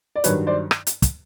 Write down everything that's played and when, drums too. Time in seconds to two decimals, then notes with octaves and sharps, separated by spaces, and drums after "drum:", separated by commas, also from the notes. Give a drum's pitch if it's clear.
0.16 D5
0.24 G2 D#3 F#3 B4 C#5, drum: hi-hat
0.47 C5 D5
0.71 drum: rim click
0.87 drum: hi-hat
1.02 drum: kick, hi-hat